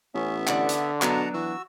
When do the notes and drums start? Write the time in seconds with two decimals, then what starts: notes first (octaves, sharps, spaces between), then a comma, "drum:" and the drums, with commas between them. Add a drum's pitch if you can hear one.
0.15 A1 B3 C#4 E5
0.47 D3 D5 F#5, drum: clap
0.69 drum: hi-hat
1.02 B2 F#3 B3 D4 F#5 A5 A#5, drum: clap
1.34 E3 F#4 E6